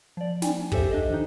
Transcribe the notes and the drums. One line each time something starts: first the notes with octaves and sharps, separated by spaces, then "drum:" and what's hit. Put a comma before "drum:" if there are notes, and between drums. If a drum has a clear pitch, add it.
F3 D5
G5 G#5, drum: snare
G4 A4 C5 E5, drum: kick
D4 D#5
D#3 D#4